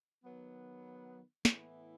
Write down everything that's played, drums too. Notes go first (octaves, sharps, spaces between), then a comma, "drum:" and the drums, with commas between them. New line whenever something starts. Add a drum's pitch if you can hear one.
D#3 F#3 B3
A2 E3 B3 E4, drum: snare